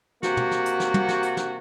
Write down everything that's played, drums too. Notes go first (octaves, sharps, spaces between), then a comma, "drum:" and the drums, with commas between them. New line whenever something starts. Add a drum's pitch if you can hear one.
C3 A#3 F#4, drum: snare
drum: tom
drum: snare
drum: hi-hat
drum: snare
drum: tom
drum: snare
drum: hi-hat
drum: snare